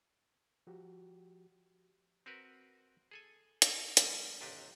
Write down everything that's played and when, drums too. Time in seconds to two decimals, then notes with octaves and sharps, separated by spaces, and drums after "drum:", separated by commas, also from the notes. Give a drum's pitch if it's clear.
0.67 F3 F#4 G4
2.26 C4 F#4 A#4 B4
3.11 G#4 A4 G#5
3.62 drum: hi-hat
3.97 F3 G3 A#3, drum: hi-hat
4.41 A1 D#2 C3 D4 G4 D#5